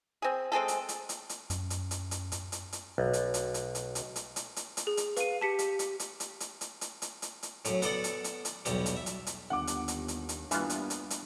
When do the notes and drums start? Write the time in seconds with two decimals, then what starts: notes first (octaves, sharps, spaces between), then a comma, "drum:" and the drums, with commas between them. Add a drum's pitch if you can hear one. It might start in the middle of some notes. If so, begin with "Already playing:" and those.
0.22 C4 G#4
0.52 G#3 C4 G#4 A4
0.68 drum: hi-hat
0.89 drum: hi-hat
1.09 drum: hi-hat
1.29 drum: hi-hat
1.50 F#2, drum: hi-hat
1.70 drum: hi-hat
1.91 drum: hi-hat
2.11 drum: hi-hat
2.32 drum: hi-hat
2.52 drum: hi-hat
2.73 drum: hi-hat
2.98 B1
3.13 drum: hi-hat
3.34 drum: hi-hat
3.54 drum: hi-hat
3.75 drum: hi-hat
3.95 drum: hi-hat
4.16 drum: hi-hat
4.36 drum: hi-hat
4.56 drum: hi-hat
4.77 drum: hi-hat
4.87 G#4
4.97 drum: hi-hat
5.17 B4 F5 D#7, drum: hi-hat
5.41 G4 A5 B6 C#7
5.59 drum: hi-hat
5.79 drum: hi-hat
6.00 drum: hi-hat
6.20 drum: hi-hat
6.40 drum: hi-hat
6.61 drum: hi-hat
6.81 drum: hi-hat
7.02 drum: hi-hat
7.22 drum: hi-hat
7.43 drum: hi-hat
7.65 F#2 A2, drum: hi-hat
7.82 B3 A4 D5 F#5, drum: hi-hat
8.04 drum: hi-hat
8.24 drum: hi-hat
8.45 drum: hi-hat
8.65 B1 E2 B2 G3, drum: hi-hat
8.86 drum: hi-hat
8.97 E5
9.06 drum: hi-hat
9.27 drum: hi-hat
9.50 G1 D#2 F#5 D6
9.67 drum: hi-hat
9.88 drum: hi-hat
10.08 drum: hi-hat
10.29 drum: hi-hat
10.51 G2 E3 A#3 B3 F4, drum: hi-hat
10.70 drum: hi-hat
10.90 drum: hi-hat
11.10 drum: hi-hat